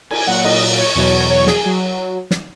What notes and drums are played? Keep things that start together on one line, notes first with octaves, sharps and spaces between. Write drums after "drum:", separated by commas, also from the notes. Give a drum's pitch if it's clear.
G#5, drum: cymbal
A#2 F#3 F#5
D#5, drum: cymbal
C#5
E2 B2 F#3
C#5
G#4, drum: snare
F#3 G#4
drum: snare